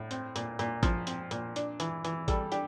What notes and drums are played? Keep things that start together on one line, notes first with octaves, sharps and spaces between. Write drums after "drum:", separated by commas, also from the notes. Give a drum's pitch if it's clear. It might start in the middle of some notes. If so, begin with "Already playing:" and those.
Already playing: A2
C4, drum: hi-hat
A#2, drum: hi-hat
A#2, drum: hi-hat
F3, drum: kick A1, hi-hat
C4, drum: hi-hat
A#2, drum: hi-hat
D4, drum: hi-hat
E3, drum: hi-hat
E3, drum: hi-hat
G3 A4, drum: kick A1, hi-hat
D4 G4, drum: hi-hat